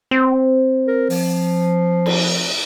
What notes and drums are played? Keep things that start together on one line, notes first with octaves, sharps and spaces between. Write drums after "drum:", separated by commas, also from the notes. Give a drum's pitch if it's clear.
C4
A#4
F3, drum: open hi-hat
drum: cymbal